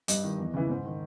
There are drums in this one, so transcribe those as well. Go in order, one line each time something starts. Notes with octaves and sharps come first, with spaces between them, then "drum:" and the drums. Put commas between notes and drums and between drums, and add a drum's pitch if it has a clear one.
G2 D#5, drum: hi-hat
D#3
E2
C#3 E3
G#2
D#3